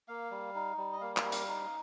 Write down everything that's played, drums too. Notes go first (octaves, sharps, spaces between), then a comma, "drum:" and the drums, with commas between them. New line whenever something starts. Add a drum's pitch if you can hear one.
A#3 F5
G3
D#4
G3
D#5
A#3 F5
F5, drum: clap
G3
F5, drum: hi-hat
D#4